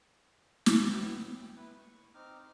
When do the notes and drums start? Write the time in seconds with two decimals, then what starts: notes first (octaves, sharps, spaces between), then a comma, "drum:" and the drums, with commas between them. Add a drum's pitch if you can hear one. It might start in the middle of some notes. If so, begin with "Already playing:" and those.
0.66 drum: snare
0.81 A2 E3 F#3 D#6 E6
1.37 G5
1.56 E4 B4
1.79 C#6
2.14 C4 D#4 D6 F6